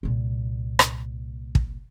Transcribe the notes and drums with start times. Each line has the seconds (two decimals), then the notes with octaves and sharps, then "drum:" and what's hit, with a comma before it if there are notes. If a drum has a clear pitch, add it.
0.03 C2 A#2
0.79 drum: rim click
1.55 drum: kick